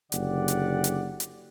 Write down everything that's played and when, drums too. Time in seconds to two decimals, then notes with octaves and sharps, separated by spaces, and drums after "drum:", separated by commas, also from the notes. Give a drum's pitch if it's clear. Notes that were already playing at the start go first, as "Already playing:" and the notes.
0.12 F#1 D3 G4 D5 F#5, drum: hi-hat
0.48 drum: hi-hat
0.84 drum: hi-hat
1.20 drum: hi-hat